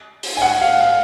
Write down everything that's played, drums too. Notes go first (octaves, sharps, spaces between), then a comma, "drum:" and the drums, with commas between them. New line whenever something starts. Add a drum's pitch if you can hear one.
drum: open hi-hat
G#5
F#5
F5
F5